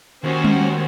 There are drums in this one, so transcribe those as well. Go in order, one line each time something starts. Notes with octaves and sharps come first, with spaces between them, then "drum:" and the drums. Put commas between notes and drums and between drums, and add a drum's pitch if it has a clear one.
D#2 C#4 F#4 C5
drum: tom G3